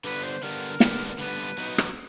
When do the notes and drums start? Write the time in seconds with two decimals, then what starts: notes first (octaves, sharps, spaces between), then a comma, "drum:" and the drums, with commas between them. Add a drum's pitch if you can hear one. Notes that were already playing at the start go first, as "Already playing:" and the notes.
0.04 D3 G3 B3 B4
0.23 C5
0.43 D3 G3 B3 A#4
0.80 D3 G3 B3, drum: snare
1.08 A#4
1.19 D3 G3 B3 B4
1.58 F#3 B3 D#4
1.78 drum: rim click